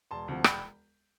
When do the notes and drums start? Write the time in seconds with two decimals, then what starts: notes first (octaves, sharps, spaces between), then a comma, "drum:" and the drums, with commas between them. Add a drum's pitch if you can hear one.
0.11 E1 A5 C6
0.28 D2 C3 F3
0.44 E1 G5 B5, drum: rim click